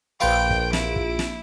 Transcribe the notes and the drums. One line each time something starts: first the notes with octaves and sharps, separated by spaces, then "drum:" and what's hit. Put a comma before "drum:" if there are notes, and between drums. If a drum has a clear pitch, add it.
A#1 F4 B4 F5 G5 D7
drum: kick
E4, drum: snare
drum: kick
drum: snare